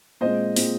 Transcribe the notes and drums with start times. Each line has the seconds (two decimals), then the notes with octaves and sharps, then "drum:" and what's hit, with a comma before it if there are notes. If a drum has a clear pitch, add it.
0.21 A#2 G#3 C4 C5 D#5
0.56 A#2 G#3 C4, drum: open hi-hat